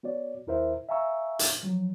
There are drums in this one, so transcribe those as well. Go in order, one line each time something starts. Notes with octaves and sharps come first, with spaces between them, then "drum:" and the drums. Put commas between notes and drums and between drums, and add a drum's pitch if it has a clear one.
B3 F#4 C#5 D5
D#2 E4 A#4 C5 E5
E5 F5 G#5 A#5 C#6 E6
drum: hi-hat
F3 F#3